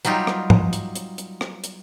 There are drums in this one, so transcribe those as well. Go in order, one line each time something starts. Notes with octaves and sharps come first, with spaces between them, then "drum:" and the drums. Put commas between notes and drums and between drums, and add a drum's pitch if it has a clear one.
F#3 G3 D#4 F4 G4, drum: hi-hat
drum: rim click
drum: tom G#2
drum: hi-hat
drum: hi-hat
drum: hi-hat
drum: rim click
drum: hi-hat